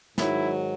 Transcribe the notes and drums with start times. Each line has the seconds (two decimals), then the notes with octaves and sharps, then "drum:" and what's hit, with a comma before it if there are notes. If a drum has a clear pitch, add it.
0.18 G#2 D#3 F#3 E4, drum: snare